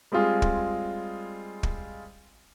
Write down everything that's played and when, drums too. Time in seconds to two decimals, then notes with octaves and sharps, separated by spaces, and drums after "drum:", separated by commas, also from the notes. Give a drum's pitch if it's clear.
0.12 G3 G#3 C4 F4 G#4
0.42 drum: kick
1.63 drum: kick